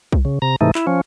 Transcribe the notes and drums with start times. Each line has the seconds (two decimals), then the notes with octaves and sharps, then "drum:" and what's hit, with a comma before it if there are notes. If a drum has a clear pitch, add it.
0.12 drum: kick B1
0.25 C#3
0.42 C3 A#5
0.61 G#2 C3 E3 A3 D#4
0.75 E4, drum: clap
0.87 F3 C#4